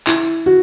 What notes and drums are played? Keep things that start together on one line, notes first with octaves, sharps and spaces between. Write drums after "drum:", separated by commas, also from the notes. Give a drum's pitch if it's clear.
E4, drum: clap
F#4